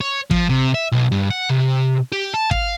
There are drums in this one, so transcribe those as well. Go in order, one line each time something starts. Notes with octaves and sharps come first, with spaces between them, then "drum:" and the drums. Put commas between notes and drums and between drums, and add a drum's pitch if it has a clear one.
C#5
F3, drum: kick
C3
E5
B1
G2
F#5
C3
G4
A5
F5, drum: kick